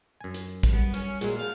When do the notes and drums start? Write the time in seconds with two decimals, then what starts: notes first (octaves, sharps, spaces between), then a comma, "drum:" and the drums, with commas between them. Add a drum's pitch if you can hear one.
0.21 F#2 G#5
0.34 drum: hi-hat
0.63 drum: kick, hi-hat
0.73 G3 B3
0.94 C#4, drum: hi-hat
1.21 A#2 F#3 G#3 F#4 G#4, drum: hi-hat
1.37 D2 G#4 F5